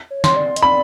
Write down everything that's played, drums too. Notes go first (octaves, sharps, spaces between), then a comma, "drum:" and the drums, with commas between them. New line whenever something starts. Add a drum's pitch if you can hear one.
C#5
C6, drum: snare
D5
D#5, drum: hi-hat
D5 B5